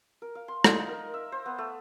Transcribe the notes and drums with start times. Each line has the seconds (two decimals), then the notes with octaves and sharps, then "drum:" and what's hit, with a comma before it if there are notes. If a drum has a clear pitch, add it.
0.22 A#4
0.35 F5
0.48 C6
0.64 D#4, drum: rim click
0.89 A#4
1.14 E5
1.32 C5
1.46 B3
1.58 A3